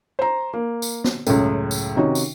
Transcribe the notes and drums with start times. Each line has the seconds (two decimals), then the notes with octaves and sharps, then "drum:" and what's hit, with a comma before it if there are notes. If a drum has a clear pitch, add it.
0.19 C5 A#5
0.54 A#3
0.82 drum: tambourine
1.04 drum: snare B3
1.27 C#2 F#2 A2, drum: tambourine
1.71 drum: tambourine
1.96 C3 D#3 C#4 D#4 F#4
2.15 drum: tambourine